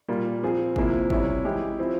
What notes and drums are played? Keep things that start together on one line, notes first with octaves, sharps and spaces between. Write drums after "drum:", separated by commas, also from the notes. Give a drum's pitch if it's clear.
A#2 G3 A#3 F4
F3 C4 F4 G#4
C3 F3 A#3 E4 G#4, drum: kick G1
C3 G3 C#4 E4, drum: kick G1
E3 G#3 E4 G4
F3 C4 E4